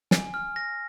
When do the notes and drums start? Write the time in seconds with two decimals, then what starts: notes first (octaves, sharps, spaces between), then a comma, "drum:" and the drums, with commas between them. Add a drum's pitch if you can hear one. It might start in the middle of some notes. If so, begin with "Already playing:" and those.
0.11 G#5, drum: snare
0.34 F6
0.56 A#6